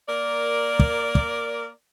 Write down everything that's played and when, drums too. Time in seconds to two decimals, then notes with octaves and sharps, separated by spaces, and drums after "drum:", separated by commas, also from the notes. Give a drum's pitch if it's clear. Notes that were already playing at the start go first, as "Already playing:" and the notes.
0.08 A#3 A#4 D5
0.79 drum: kick
1.15 drum: kick